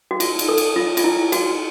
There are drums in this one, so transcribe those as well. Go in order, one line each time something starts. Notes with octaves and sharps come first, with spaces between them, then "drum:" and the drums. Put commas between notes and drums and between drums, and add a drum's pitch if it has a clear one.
F#4
F4, drum: cymbal
drum: cymbal
A4
drum: cymbal
F4
F4, drum: cymbal
E4
F#4, drum: cymbal